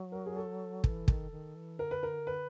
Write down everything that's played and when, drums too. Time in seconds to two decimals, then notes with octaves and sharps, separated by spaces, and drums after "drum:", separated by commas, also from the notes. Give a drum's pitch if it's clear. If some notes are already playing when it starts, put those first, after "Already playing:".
Already playing: F#3
0.12 A#4
0.26 G#4
0.36 A4
0.84 E3, drum: kick
1.08 D#3, drum: kick
1.32 D#3
1.56 E3
1.79 D3 A#4
1.91 B4
2.03 A#4
2.27 B4